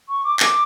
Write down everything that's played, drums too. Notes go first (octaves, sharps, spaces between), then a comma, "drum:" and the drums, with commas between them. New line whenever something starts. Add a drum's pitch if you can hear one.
C#6
D6
D6, drum: clap